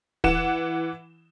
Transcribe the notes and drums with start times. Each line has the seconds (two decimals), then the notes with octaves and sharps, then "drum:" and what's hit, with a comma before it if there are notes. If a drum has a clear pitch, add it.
0.24 E3 F#5 E7, drum: kick